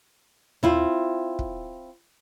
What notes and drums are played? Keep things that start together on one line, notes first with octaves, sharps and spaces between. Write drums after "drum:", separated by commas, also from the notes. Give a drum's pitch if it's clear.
C4 E4 F4, drum: tom D#2
drum: kick